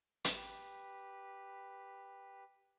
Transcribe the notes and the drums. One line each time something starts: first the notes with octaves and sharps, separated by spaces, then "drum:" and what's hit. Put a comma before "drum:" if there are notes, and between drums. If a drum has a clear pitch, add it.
drum: hi-hat
G4 B4